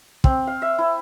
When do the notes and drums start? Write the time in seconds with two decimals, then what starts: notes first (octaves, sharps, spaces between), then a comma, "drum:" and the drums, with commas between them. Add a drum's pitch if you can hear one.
0.24 C4, drum: kick
0.47 F5
0.62 E5
0.78 E4